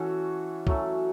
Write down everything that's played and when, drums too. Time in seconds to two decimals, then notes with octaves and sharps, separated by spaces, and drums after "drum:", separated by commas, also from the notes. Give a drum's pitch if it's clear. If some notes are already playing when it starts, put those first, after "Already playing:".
Already playing: E3 A3 C#4 F#4 A4
0.67 F#3 A3 C#4, drum: kick